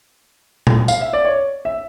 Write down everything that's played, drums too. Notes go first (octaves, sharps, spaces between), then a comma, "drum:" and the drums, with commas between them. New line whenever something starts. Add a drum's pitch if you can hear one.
drum: tom A#2
F5, drum: tambourine
E5
D5
C#5
E5